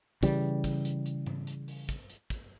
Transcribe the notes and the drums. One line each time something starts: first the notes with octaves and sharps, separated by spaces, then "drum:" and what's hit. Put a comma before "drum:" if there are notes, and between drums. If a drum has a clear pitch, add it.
C#3 E3 G3, drum: kick, hi-hat
drum: kick, hi-hat
drum: hi-hat
drum: hi-hat
drum: tom G#2
drum: hi-hat
drum: open hi-hat
drum: kick, hi-hat
drum: hi-hat
drum: kick, hi-hat